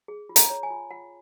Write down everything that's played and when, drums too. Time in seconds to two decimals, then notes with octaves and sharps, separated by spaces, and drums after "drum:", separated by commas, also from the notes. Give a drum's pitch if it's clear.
0.08 G#4
0.29 F4
0.36 A#5, drum: hi-hat
0.50 C#5
0.63 G#5
0.71 F4
0.90 F4 F#5